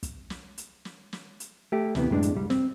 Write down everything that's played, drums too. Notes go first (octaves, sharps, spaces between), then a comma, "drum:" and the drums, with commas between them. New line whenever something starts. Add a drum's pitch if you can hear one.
drum: kick, hi-hat
drum: snare
drum: hi-hat
drum: snare
drum: snare
drum: hi-hat
A3 G4
D2 C3 E3 B3, drum: snare
F#2 A2 G#3 D4
drum: hi-hat
C2 G3
C4, drum: snare